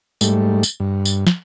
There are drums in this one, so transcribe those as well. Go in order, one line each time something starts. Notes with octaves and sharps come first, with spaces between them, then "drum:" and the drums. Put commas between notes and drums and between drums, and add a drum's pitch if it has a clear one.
G#2 G3 A3, drum: tambourine
drum: tambourine
G2
drum: tambourine
drum: snare